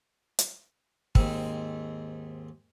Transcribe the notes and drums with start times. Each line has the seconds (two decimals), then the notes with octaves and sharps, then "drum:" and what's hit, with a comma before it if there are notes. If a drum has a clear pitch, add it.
0.39 drum: hi-hat
1.15 D#2 G#2 C4, drum: kick